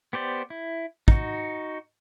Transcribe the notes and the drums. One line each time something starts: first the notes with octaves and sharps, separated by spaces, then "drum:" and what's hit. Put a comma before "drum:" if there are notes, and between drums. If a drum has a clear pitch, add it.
B3 G4 C5 D5
E4
D#4 F#4, drum: kick